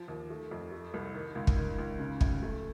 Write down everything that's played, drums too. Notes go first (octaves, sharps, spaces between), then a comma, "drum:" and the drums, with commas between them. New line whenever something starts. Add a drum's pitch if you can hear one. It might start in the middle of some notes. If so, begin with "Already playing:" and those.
Already playing: F3
D#2
A3
F2
A3
C2
D#3
C#2
drum: kick
D#3
C#2
C#3
F1, drum: kick
A3